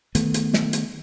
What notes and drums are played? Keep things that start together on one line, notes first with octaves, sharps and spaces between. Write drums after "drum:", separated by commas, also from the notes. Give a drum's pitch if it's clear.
D#3 A3 B3, drum: hi-hat
drum: hi-hat
drum: snare
drum: hi-hat